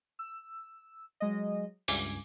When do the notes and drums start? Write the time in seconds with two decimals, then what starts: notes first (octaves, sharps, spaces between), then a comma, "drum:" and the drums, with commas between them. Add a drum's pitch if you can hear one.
0.19 E6
1.20 F#3 G#3 D#5
1.88 C#2 G2 G#5 D6, drum: open hi-hat